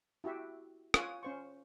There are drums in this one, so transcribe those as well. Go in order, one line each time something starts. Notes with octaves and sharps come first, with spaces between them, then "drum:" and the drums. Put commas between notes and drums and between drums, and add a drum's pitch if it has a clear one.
E4 F#4 G4 E5
F4 C#5 F#5 G#5 D#6, drum: rim click
C#4 C5 C#6